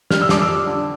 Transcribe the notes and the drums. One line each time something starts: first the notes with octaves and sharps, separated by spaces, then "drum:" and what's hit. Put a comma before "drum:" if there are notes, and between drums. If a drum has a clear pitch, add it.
G3 F6, drum: snare
E6
F2 D6, drum: snare
E6
G3
D3